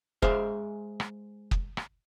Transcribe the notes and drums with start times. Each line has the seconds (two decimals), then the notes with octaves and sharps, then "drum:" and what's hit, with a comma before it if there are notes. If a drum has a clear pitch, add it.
0.22 G#3 C5 E5 F5, drum: kick
1.00 drum: rim click
1.51 drum: kick
1.77 drum: rim click